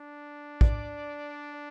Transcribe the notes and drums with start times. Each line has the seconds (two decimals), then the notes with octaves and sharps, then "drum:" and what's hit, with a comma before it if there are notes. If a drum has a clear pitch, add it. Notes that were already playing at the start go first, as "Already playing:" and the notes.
Already playing: D4
0.61 D5, drum: kick